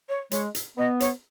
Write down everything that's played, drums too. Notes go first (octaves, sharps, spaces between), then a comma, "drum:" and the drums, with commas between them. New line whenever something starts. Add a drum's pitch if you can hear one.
C#5
G#3 C#5, drum: hi-hat
drum: hi-hat
B3 D#5
C#5, drum: hi-hat